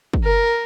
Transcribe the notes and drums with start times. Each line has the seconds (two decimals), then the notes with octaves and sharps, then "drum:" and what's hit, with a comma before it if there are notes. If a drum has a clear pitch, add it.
0.13 drum: kick
0.24 A#4